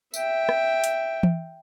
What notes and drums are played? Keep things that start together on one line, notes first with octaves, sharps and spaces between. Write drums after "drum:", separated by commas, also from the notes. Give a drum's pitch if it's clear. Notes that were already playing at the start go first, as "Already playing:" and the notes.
E5 G5, drum: tambourine
drum: rim click
drum: hi-hat
drum: tom E3